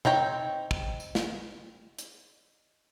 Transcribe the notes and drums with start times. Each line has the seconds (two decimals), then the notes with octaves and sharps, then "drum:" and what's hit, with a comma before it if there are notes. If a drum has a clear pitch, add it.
0.05 C4 D#4 C#5 G5, drum: tom B2
0.71 drum: kick
1.00 drum: tambourine
1.15 drum: snare
1.98 drum: hi-hat